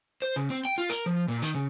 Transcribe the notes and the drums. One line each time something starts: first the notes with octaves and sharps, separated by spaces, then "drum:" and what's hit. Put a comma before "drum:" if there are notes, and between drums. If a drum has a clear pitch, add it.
C5
C#3
C4
G5
F4
A#4, drum: hi-hat
F3
A#2
D#3, drum: hi-hat
C#3